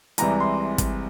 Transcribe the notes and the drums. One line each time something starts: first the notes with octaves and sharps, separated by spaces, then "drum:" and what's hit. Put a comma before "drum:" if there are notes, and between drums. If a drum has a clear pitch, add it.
C2 C3 E3 G#3 A#5, drum: hi-hat
C6
drum: kick, hi-hat